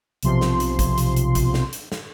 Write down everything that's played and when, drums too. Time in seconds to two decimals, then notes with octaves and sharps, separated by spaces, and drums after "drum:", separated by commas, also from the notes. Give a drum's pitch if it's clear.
0.23 B1 C3 F3 C6, drum: hi-hat
0.41 drum: snare
0.60 drum: hi-hat
0.79 drum: kick G#1, hi-hat
0.98 drum: hi-hat
1.16 drum: hi-hat
1.35 drum: kick G#1, hi-hat
1.54 drum: snare
1.73 drum: hi-hat
1.92 drum: snare